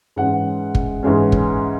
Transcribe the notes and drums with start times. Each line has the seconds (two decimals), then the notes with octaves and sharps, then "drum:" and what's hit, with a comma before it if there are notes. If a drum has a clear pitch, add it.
0.16 G#2 E3 G#3 C#4 F#5
0.75 drum: kick
1.03 G#2 E3 G#3 C#4
1.32 drum: kick